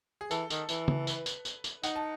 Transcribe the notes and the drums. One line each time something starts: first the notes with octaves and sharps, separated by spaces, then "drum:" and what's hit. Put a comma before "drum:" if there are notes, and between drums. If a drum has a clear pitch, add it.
G#4
E3 A4, drum: tambourine
D#3, drum: tambourine
E3, drum: tambourine
drum: tom
B4, drum: tambourine
drum: tambourine
drum: tambourine
drum: tambourine
D#4 F#5, drum: tambourine
A5